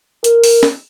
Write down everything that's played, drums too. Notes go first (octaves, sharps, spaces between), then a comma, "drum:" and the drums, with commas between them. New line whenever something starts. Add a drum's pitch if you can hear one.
A#4, drum: hi-hat
drum: open hi-hat
drum: snare